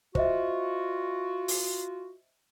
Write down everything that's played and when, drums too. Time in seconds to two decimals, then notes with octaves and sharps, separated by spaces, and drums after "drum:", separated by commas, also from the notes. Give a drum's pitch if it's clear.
0.15 F4 F#4 C5 D#5 E5, drum: kick
1.48 drum: open hi-hat